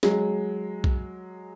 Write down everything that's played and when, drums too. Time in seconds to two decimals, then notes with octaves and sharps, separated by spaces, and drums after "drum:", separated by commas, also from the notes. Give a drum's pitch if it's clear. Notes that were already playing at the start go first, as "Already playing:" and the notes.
0.03 F#3 G#3, drum: snare
0.84 drum: kick B1